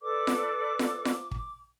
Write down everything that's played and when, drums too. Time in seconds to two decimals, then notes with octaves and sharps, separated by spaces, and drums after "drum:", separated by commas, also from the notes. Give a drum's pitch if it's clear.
0.01 A4 B4 D5 D6
0.27 drum: snare F4
0.79 drum: snare F4
1.05 drum: snare F4
1.31 drum: kick